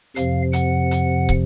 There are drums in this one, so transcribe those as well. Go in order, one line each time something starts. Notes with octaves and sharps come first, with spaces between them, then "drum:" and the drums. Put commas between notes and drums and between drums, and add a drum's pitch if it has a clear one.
F2 C3 F3 F5, drum: hi-hat
F#5, drum: hi-hat
drum: hi-hat
drum: kick